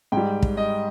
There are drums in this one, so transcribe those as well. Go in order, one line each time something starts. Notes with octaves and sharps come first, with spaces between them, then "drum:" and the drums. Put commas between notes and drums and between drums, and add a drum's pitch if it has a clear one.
G#2 G3 G5
drum: kick
D#5